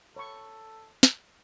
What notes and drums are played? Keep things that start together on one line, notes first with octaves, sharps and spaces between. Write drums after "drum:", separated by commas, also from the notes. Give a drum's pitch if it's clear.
A4 C#5 B5 C#6
drum: snare